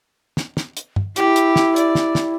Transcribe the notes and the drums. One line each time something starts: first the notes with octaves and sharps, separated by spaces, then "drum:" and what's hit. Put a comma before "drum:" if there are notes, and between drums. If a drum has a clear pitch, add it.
drum: snare
drum: snare
drum: hi-hat
drum: tom
E4 G4, drum: hi-hat
drum: hi-hat
drum: snare
D5, drum: hi-hat
drum: snare
drum: snare